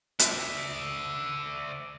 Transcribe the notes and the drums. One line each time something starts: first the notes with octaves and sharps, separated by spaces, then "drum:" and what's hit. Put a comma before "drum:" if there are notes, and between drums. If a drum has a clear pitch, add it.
D5 E5, drum: hi-hat